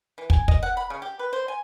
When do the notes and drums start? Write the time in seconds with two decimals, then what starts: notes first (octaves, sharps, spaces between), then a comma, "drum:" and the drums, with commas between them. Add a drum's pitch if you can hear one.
0.18 E3
0.30 G#5, drum: kick
0.48 D#5, drum: kick
0.63 F#5
0.77 B5
0.90 C#3
1.02 G4
1.19 B4
1.33 C5
1.48 G#5